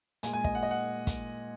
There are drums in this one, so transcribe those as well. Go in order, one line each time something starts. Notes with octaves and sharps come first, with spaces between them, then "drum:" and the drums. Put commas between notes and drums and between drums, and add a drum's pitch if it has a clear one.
A#2 G#3 G#5, drum: hi-hat
G#5
D#5, drum: kick
F#5
D#5
F#5
drum: kick, hi-hat